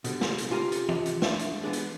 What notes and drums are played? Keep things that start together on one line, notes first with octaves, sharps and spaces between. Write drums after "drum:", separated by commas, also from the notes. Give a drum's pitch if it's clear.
B2 D3 G3, drum: hi-hat
drum: snare
drum: hi-hat
C3 C#4 F4 G4 G#5 A#5
drum: hi-hat
drum: tom
drum: hi-hat
D4 E5, drum: snare
drum: hi-hat
E3 G#3 B3 D4 G#4
drum: hi-hat